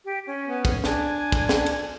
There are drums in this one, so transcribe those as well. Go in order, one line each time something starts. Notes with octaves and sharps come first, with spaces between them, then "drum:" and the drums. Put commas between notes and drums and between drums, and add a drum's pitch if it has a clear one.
G4
C#4
B3
drum: kick, cymbal
D4 G#5, drum: snare
drum: kick, cymbal
drum: snare
drum: cymbal